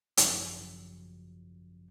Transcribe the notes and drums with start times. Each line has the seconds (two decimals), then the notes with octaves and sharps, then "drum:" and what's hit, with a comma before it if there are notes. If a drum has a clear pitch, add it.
0.17 G#1 F#2 C#3 F3 F#3, drum: hi-hat